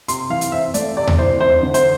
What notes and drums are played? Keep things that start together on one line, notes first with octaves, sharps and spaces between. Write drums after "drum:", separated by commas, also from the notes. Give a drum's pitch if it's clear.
C3 C6, drum: hi-hat
E3 F5
drum: hi-hat
C4 E5
A3 D5, drum: hi-hat
C3 D5
drum: tom D#2
E3 C5
F2 C5
D3
C5, drum: hi-hat